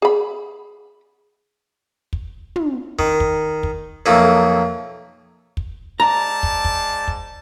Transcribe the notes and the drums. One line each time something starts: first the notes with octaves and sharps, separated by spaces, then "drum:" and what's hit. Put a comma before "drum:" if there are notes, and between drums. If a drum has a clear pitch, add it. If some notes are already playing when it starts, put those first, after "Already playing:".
G#4 B5
drum: kick
drum: tom
D#3, drum: kick
drum: kick
drum: kick
B1 F2 A3 A#3
drum: kick
G#2 D5 A5 A#5
drum: kick
drum: kick
drum: kick